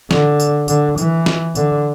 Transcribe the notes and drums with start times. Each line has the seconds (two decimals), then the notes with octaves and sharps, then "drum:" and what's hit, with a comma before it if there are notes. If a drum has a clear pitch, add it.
0.11 D3, drum: snare
0.40 drum: tambourine
0.68 D3, drum: tambourine
0.98 E3, drum: tambourine
1.26 drum: snare
1.55 D3, drum: tambourine